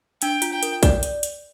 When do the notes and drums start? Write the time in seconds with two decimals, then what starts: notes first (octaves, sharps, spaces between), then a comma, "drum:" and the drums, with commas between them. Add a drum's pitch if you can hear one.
0.22 D4 G5, drum: hi-hat
0.42 F4, drum: hi-hat
0.52 G5
0.63 A#4, drum: hi-hat
0.83 D5, drum: kick, hi-hat
1.03 drum: hi-hat
1.23 drum: hi-hat